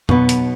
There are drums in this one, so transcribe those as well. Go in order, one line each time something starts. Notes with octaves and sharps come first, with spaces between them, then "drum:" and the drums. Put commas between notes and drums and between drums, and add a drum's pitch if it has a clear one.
B1 B2 B3, drum: tom
drum: hi-hat